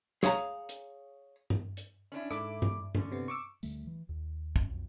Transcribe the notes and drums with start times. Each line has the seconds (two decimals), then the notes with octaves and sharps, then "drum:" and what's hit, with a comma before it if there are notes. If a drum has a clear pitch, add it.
0.23 G#4 C#5 F5 G#5 A#5, drum: snare
0.69 drum: hi-hat
1.50 drum: tom G2
1.77 drum: hi-hat
2.12 C#4 D4 E4
2.31 G#2 E4 A4 D6, drum: rim click
2.62 drum: tom G2
2.95 D3 C#4, drum: tom G2
3.11 C3 B3
3.28 C#6 D6 E6
3.63 D2 D3 G3 A3, drum: tambourine
3.87 E3
4.09 D#2
4.56 E1 C#2 G2 C#4, drum: kick
4.68 B1 F2